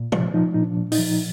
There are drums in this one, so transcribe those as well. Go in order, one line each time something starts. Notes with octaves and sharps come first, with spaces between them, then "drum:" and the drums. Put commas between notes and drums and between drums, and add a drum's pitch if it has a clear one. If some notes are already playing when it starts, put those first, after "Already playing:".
Already playing: A#2
F3, drum: tom
F3 D#4
A#2 D#4
D4
A#2
D#4, drum: open hi-hat
F3